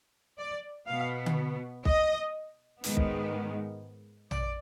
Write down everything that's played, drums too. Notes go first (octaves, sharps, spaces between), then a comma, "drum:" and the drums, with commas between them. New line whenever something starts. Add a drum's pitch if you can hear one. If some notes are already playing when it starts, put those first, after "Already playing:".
D5
B2 B3 F5
drum: tom D3
D#5, drum: kick
G#2 D#3 G#3 B3, drum: hi-hat
drum: kick
D5, drum: tom A#1